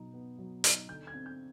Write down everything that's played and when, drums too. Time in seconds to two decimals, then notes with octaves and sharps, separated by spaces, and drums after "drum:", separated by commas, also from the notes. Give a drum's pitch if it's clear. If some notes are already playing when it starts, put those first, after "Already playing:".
Already playing: B2 F#3 D#4
0.14 B3
0.38 F#3
0.64 D#4, drum: hi-hat
0.88 D3 G6
1.07 G#6
1.14 C4
1.26 G6